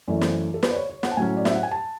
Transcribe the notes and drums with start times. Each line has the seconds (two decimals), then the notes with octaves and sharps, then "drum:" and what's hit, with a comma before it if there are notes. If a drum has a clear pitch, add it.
0.08 F#2 E3 A3 C#4 D5
0.21 drum: snare
0.54 A4
0.63 B4, drum: snare
0.71 D5
0.76 C#5
0.90 C#5
1.03 F#5, drum: snare
1.11 A5
1.17 A2 F#3 C#4 G#5
1.37 D5
1.45 E5, drum: snare
1.54 F#5
1.63 G#5
1.71 A5